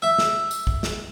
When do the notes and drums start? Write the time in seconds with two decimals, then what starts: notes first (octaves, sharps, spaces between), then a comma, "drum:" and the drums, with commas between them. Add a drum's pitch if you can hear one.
0.02 E5
0.18 drum: snare
0.51 drum: tambourine
0.67 drum: kick B1
0.83 drum: snare